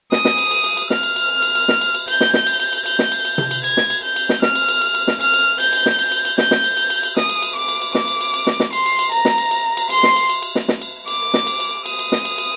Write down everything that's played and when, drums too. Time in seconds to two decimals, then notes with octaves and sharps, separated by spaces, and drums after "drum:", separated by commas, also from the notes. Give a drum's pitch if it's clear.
0.12 D#6, drum: snare
0.25 drum: snare
0.38 drum: cymbal
0.51 drum: cymbal
0.64 drum: cymbal
0.77 drum: cymbal
0.90 F6, drum: snare
1.03 drum: cymbal
1.16 drum: cymbal
1.42 drum: cymbal
1.55 drum: cymbal
1.68 drum: snare
1.81 drum: cymbal
1.94 drum: cymbal
2.08 G6, drum: cymbal
2.21 drum: snare
2.34 drum: snare
2.47 drum: cymbal
2.60 drum: cymbal
2.73 drum: cymbal
2.86 G6, drum: cymbal
2.99 drum: snare
3.12 drum: cymbal
3.25 drum: cymbal
3.38 drum: tom C3
3.51 drum: cymbal
3.64 G#6, drum: cymbal
3.77 drum: snare
3.90 drum: cymbal
4.03 G6
4.16 drum: cymbal
4.29 drum: snare
4.42 F6, drum: snare
4.55 drum: cymbal
4.68 drum: cymbal
4.81 drum: cymbal
4.94 drum: cymbal
5.08 drum: snare
5.21 F6, drum: cymbal
5.34 drum: cymbal
5.60 G6, drum: cymbal
5.73 drum: cymbal
5.86 drum: snare
5.99 drum: cymbal
6.12 drum: cymbal
6.25 drum: cymbal
6.38 G6, drum: snare
6.51 drum: snare
6.64 drum: cymbal
6.77 drum: cymbal
6.90 drum: cymbal
7.03 drum: cymbal
7.17 D#6, drum: snare
7.29 drum: cymbal
7.42 drum: cymbal
7.55 D6
7.68 drum: cymbal
7.81 drum: cymbal
7.95 D6, drum: snare
8.08 drum: cymbal
8.21 drum: cymbal
8.34 drum: cymbal
8.47 drum: snare
8.60 drum: snare
8.73 C6, drum: cymbal
8.86 drum: cymbal
8.99 drum: cymbal
9.12 A#5, drum: cymbal
9.25 drum: snare
9.38 drum: cymbal
9.51 drum: cymbal
9.77 drum: cymbal
9.90 C6, drum: cymbal
10.03 drum: snare
10.16 drum: cymbal
10.29 drum: cymbal
10.42 drum: cymbal
10.55 drum: snare
10.68 drum: snare
10.82 drum: cymbal
11.07 D6, drum: cymbal
11.34 drum: snare
11.47 drum: cymbal
11.60 drum: cymbal
11.86 D#6, drum: cymbal
11.99 drum: cymbal
12.12 drum: snare
12.25 drum: cymbal
12.38 drum: cymbal